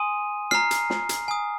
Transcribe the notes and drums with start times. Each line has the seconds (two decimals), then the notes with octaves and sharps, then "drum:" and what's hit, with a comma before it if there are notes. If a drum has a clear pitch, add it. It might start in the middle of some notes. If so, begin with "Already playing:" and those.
Already playing: G#5 C6 D#6 D#7
0.51 A#5 F6 C7, drum: snare
0.71 drum: hi-hat
0.90 drum: snare
1.09 drum: hi-hat
1.28 G#5 D#6